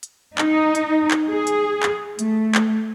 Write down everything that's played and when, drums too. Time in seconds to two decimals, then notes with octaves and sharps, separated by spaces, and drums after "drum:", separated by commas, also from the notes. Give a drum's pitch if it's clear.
0.03 drum: hi-hat
0.38 D#4, drum: clap
0.75 drum: hi-hat
1.11 drum: clap
1.29 G#4
1.47 drum: hi-hat
1.83 drum: clap
2.19 A3, drum: hi-hat
2.55 drum: clap